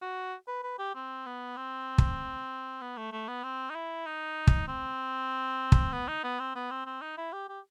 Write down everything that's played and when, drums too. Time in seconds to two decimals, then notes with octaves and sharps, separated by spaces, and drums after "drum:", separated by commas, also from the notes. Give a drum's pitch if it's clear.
0.01 F#4
0.48 B4
0.63 B4
0.79 G4
0.95 C4
1.26 B3
1.57 C4
1.98 drum: kick
2.81 B3
2.97 A3
3.12 A3
3.28 B3
3.43 C4
3.70 D#4
3.75 E4
4.06 D#4
4.47 drum: kick
4.68 C4
5.72 drum: kick
5.93 B3
6.08 D#4
6.24 B3
6.40 C4
6.55 B3
6.71 C4
6.86 C4
7.02 D#4
7.17 E4
7.33 G4
7.49 G4